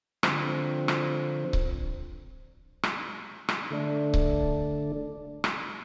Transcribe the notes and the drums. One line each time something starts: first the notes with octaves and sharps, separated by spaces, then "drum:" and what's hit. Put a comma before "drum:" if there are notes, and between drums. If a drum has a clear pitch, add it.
D3 F3 C4, drum: rim click
drum: rim click
drum: kick C#1
drum: rim click
drum: rim click
D3 A3 D4
drum: kick C#1
drum: rim click